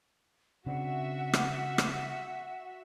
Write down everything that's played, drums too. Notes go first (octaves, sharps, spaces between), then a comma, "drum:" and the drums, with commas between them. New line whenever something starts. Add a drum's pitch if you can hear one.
C#3 C4 D4 F#4 E5 F#5
drum: rim click
drum: rim click